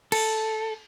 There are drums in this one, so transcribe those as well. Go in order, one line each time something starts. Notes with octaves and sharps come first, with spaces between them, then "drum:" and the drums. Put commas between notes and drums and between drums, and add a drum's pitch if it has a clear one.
A4, drum: cymbal